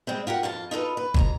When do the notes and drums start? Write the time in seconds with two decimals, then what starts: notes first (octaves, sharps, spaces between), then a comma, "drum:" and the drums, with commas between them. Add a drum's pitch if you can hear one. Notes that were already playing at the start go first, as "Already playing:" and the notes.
0.07 G3 G#3 C4
0.27 F4 G4 A#4 F#5
0.43 F2 F4 A5
0.71 D#4 F4 A4 B4
0.97 B4
1.14 F2 A5 A#5, drum: kick